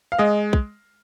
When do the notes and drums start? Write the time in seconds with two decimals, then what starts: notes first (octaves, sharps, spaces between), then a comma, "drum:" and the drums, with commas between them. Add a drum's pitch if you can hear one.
0.12 F5
0.19 G#3 D#5
0.53 drum: kick